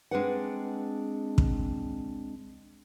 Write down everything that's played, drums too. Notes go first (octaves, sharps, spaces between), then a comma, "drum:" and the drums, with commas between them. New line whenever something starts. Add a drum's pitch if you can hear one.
G#3 C4 D4 G#4 B4 F#5
drum: kick